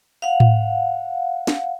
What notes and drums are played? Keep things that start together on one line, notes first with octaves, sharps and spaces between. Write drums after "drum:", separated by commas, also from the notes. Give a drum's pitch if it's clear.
F5 F#5
drum: tom A2
drum: snare